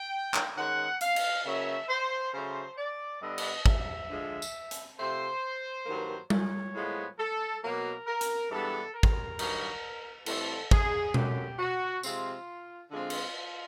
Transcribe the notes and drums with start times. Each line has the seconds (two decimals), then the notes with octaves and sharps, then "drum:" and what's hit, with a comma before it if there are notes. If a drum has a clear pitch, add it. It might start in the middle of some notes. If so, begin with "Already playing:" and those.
Already playing: G5
0.34 drum: clap
0.57 D#3 G#3 C#4 F#5
1.01 F5, drum: hi-hat
1.16 drum: cymbal
1.45 C#3 F#3 A#3 C#4 E5
1.89 C5
2.33 C#3 F#3 A3 C5
2.78 D5
3.21 G2 D3 G3 B3 D4 D#5
3.38 drum: cymbal
3.66 E5, drum: kick
4.10 D3 F3 G#3
4.42 drum: tambourine
4.71 drum: hi-hat
4.98 C3 F3 A3 C5
5.86 G2 D#3 F#3 A#3
6.30 C#5, drum: tom G3
6.74 A2 F3 G#3 B3
7.18 A4
7.62 B2 F#3 A#3 A#4
8.07 A#4
8.21 drum: hi-hat
8.50 G2 E3 G#3 B3 D4 A4
8.94 A#4
9.03 drum: kick
9.39 G2 D#3 F#3, drum: cymbal
10.26 A2 E3 G3 C4 A4, drum: cymbal
10.71 G#4, drum: kick
11.14 F#2 D#3 F#3 A3 G4, drum: tom B2
11.59 F#4
12.03 C3 F3 G#3 C4 F4, drum: tambourine
12.91 D3 F3 G#3 C4 F4
13.10 drum: cymbal
13.35 F4